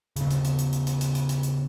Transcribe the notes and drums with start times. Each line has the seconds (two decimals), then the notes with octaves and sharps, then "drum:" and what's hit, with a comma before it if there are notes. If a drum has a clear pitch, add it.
0.16 C#3 B3, drum: hi-hat
0.30 drum: hi-hat
0.44 drum: hi-hat
0.59 drum: hi-hat
0.73 drum: hi-hat
0.87 drum: hi-hat
1.01 drum: hi-hat
1.15 drum: hi-hat
1.29 drum: hi-hat
1.43 drum: hi-hat